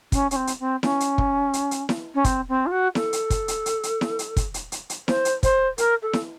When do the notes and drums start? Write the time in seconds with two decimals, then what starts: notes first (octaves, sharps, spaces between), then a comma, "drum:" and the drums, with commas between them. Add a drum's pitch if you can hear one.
0.12 C#4, drum: kick, hi-hat
0.31 C#4, drum: hi-hat
0.36 C4
0.47 drum: hi-hat
0.60 C4
0.83 C#4, drum: snare E4
1.00 drum: hi-hat
1.18 drum: kick
1.53 drum: hi-hat
1.71 drum: hi-hat
1.89 drum: snare E4
2.14 C#4
2.24 C4, drum: kick, hi-hat
2.48 C4
2.66 F4
2.71 F#4
2.95 A4, drum: snare E4
3.13 drum: hi-hat
3.30 drum: kick, hi-hat
3.48 drum: hi-hat
3.66 drum: hi-hat
3.83 drum: hi-hat
4.01 drum: snare E4
4.19 drum: hi-hat
4.36 drum: kick, hi-hat
4.54 drum: hi-hat
4.72 drum: hi-hat
4.90 drum: hi-hat
5.08 C5, drum: snare E4
5.25 drum: hi-hat
5.43 C5, drum: kick, hi-hat
5.78 A#4, drum: hi-hat
6.02 A4
6.13 drum: snare E4